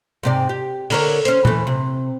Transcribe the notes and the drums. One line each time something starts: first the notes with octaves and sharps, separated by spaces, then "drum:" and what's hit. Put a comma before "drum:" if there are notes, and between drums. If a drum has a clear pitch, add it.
G#2 C3 D5
G4
D3 A#4 C#5, drum: open hi-hat
C#4 C5, drum: hi-hat
E3 A3, drum: tom A#2
C3